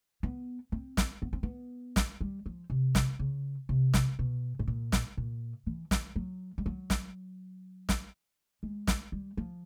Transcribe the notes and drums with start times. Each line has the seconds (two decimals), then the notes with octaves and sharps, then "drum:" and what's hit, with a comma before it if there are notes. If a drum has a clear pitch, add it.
0.23 B3
0.72 C4
0.97 drum: snare
1.22 B3
1.33 C4
1.43 B3
1.96 drum: snare
2.21 G3
2.46 F3
2.70 C3
2.95 drum: snare
3.19 C#3
3.69 C3
3.94 drum: snare
4.19 B2
4.59 A2
4.68 A#2
4.92 drum: snare
5.17 A#2
5.66 E3
5.91 F3, drum: snare
6.16 F#3
6.58 G3
6.66 F#3
6.90 drum: snare
7.89 drum: snare
8.63 G#3
8.87 drum: snare
9.12 G3
9.37 F3